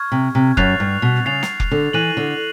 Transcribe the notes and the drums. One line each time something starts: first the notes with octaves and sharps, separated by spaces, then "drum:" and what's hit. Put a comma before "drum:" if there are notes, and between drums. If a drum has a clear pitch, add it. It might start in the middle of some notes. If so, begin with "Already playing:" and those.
Already playing: C#6 F6 G#6
C3
C3
F#2 F#6 A6 C7 F7, drum: kick F1
G2
B2
C#3 F#6 A6 C7 F7
drum: snare
drum: kick F1
D3
E3 F#6 A#6 D#7 F#7
D3